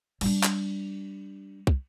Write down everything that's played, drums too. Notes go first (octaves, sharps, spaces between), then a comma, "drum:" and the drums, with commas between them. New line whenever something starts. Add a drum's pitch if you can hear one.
G3 D4, drum: cymbal
drum: clap
drum: kick